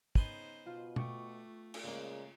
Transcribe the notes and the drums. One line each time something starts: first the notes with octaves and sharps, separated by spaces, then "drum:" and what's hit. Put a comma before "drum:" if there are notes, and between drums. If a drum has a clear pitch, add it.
C#3 B3 D#4 B4 C5 G#5 C6, drum: kick
B2 F4
A3 G5 C#6 D6, drum: tom B2
drum: cymbal
A#2 C#3 G#3 A#3